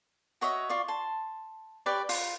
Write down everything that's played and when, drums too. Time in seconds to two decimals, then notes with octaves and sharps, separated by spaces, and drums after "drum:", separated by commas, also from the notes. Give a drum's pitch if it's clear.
0.41 F#4 C#5 D#5 E5
0.70 F4 D5 C#6
0.88 A5 C6
1.86 G4 B4 C#5 D5
2.09 F4, drum: open hi-hat